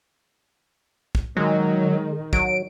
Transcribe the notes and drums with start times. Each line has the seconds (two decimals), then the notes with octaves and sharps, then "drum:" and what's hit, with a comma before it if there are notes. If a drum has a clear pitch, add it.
1.15 drum: kick
1.37 D#3 F#3 G#3
2.33 F#3 D7, drum: kick